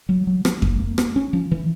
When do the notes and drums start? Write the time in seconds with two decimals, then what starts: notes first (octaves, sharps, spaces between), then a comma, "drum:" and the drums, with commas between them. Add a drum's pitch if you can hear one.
0.09 F#3
0.27 F#3
0.45 F3, drum: rim click
0.62 A#3, drum: kick F2
0.80 A#3
0.98 A#3, drum: rim click
1.16 C#4
1.33 F3
1.51 E3